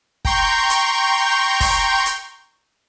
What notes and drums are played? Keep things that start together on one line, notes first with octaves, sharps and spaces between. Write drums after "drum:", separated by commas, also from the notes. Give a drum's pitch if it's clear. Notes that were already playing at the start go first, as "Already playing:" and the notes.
G5 A#5 C6 C#6 G6, drum: kick
drum: hi-hat
drum: kick, open hi-hat
drum: hi-hat